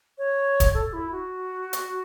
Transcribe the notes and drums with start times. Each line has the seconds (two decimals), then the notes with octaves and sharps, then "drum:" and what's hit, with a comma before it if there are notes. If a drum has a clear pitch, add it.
0.18 C#5
0.60 drum: kick, hi-hat
0.74 A4
0.93 E4
1.12 F#4
1.73 drum: hi-hat